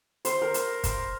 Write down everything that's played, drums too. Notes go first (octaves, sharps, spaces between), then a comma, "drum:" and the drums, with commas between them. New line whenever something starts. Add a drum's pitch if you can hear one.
C5, drum: hi-hat
A#4
drum: hi-hat
drum: kick, hi-hat